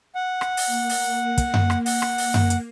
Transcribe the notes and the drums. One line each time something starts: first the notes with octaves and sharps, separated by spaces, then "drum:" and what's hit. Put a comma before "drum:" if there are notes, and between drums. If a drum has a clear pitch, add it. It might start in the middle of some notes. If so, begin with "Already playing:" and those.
F#5
drum: rim click
drum: open hi-hat
A#3
drum: open hi-hat
drum: kick, hi-hat
drum: tom F#2
drum: rim click
F#5, drum: open hi-hat
drum: rim click
drum: open hi-hat
drum: tom F#2
drum: hi-hat